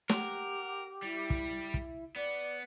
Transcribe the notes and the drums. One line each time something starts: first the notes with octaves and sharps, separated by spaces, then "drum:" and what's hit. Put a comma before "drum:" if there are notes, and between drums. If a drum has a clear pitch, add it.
G4 A#4 F#5, drum: snare
G3 E4
drum: kick
drum: kick
B3 D5